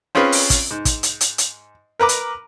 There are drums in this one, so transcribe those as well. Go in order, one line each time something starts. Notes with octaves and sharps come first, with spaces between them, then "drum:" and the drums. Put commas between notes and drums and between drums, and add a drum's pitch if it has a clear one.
C4 C#4 F4 G#4 B4
drum: open hi-hat
drum: kick, hi-hat
G#2
drum: kick, hi-hat
drum: hi-hat
drum: hi-hat
drum: hi-hat
A#4 B4 A#5 D6
drum: hi-hat